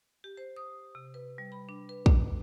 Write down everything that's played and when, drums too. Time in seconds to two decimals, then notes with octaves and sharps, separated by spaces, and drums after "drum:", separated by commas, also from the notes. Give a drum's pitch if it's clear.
0.24 G4
0.37 C5
0.56 D#6
0.95 C3
1.14 B4
1.38 G3
1.52 B5
1.69 D4
1.89 B4
2.06 D4, drum: kick